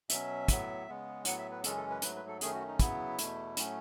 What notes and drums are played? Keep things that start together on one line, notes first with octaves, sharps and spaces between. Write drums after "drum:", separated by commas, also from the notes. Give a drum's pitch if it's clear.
B2 F#3 C#4 E5, drum: hi-hat
A2 F#3 B3, drum: kick, hi-hat
C#3 G#3 B3
A2 F#3 B3 F#5, drum: hi-hat
E5
B4
F#2 C#3 E3 G#3 C#4 A4, drum: hi-hat
A4
B4
G#2 F#3 A3 B4, drum: hi-hat
B4
A4
F#2 D#3 A3 C#4 G#4, drum: hi-hat
F#4
D#4
C#3 F#3 B3 E4, drum: kick, hi-hat
E2 B2 A3, drum: hi-hat
A2 F#3 A3 C#4, drum: hi-hat